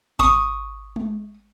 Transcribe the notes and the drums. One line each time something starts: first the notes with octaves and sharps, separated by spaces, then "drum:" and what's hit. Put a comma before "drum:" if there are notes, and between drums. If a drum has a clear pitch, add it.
C#6 D#6, drum: kick G#1
drum: tom G#3